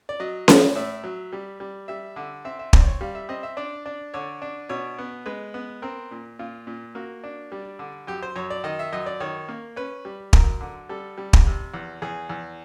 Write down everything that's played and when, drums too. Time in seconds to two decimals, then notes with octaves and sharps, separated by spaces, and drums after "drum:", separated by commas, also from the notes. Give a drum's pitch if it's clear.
0.09 D5
0.20 F#3 D#5
0.48 A2, drum: snare C#4
0.75 A2 E5
1.04 F#3
1.33 G3
1.60 G3
1.88 G3 E5
2.16 D3
2.45 C4 E5
2.59 E5
2.73 C4 D5, drum: kick
2.86 C#5
3.01 G3 F5
3.15 E5
3.29 C4 D#5
3.43 E5
3.57 D4 D5
3.86 D4
4.14 D3 C#5
4.42 D4
4.69 B2 C#5
4.98 B3
5.26 G#3 B4
5.54 B3
5.82 C4 A#4
6.11 A#2
6.39 A#2 F4
6.67 A#2
6.95 A#3 F#4
7.24 D4
7.52 G3
7.79 D3
8.07 F#2 G4
8.22 C5
8.36 F#2 C#5
8.50 D5
8.64 D#3 D#5
8.79 E5
8.93 F#2 D#5
9.06 D5
9.20 D#3 C#5
9.49 A#3
9.76 C#4 B4
10.05 G3
10.33 F#2 A#4, drum: kick
10.61 D3
10.89 G3 A4
11.18 G3
11.33 drum: kick
11.46 C3
11.74 E2
12.02 E2 G#4
12.29 E2